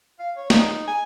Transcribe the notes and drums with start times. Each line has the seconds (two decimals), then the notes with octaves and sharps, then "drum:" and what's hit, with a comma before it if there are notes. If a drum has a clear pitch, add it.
0.20 F5
0.37 C#5
0.50 D#4, drum: snare
0.88 G#5